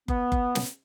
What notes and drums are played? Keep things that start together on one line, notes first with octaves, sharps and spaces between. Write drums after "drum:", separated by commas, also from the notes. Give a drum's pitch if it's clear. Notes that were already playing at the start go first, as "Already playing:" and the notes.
B3, drum: kick F#1
drum: kick F#1
drum: snare